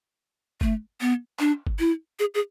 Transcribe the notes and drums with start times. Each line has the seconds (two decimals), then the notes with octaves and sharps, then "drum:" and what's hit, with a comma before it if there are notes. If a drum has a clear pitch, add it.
0.61 A3, drum: kick G1
1.01 B3
1.39 D4, drum: clap
1.67 drum: kick G1
1.79 E4
2.19 G#4
2.35 G#4